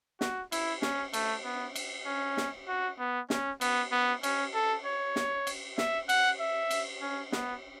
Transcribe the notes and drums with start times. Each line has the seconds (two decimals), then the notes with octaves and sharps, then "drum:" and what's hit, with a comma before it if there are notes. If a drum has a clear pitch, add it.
0.21 F#4, drum: snare
0.52 E4, drum: cymbal
0.82 C#4, drum: snare
1.13 A3, drum: cymbal
1.45 B3
1.75 drum: cymbal
2.06 C#4
2.37 drum: snare
2.68 F#4
2.99 B3
3.30 C#4, drum: snare
3.61 B3, drum: cymbal
3.92 B3
4.23 C#4, drum: cymbal
4.54 A4
4.85 C#5
5.16 drum: snare
5.47 drum: cymbal
5.78 E5, drum: snare
6.09 F#5, drum: cymbal
6.40 E5
6.71 drum: cymbal
7.01 C#4
7.32 B3, drum: snare